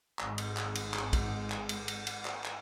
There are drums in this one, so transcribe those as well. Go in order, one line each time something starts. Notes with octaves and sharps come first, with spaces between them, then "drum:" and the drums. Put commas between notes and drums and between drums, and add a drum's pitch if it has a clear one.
G#1 G#3, drum: clap
drum: cymbal
drum: clap
drum: cymbal
drum: clap
drum: kick, cymbal
drum: clap
drum: cymbal
drum: cymbal
drum: cymbal
drum: clap
drum: clap